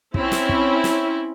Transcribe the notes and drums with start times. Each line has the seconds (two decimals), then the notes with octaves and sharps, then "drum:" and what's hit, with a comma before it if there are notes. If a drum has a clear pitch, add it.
0.14 C4 C#4 E4, drum: kick
0.32 drum: snare
0.49 drum: kick
0.84 drum: snare